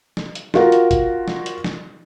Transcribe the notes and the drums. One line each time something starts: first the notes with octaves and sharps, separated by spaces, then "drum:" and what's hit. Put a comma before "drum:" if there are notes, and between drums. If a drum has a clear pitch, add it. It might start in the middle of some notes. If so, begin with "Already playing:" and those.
drum: snare
drum: hi-hat
F4 F#4 A#4, drum: snare
drum: hi-hat
drum: kick G1, hi-hat
drum: snare
drum: hi-hat
drum: snare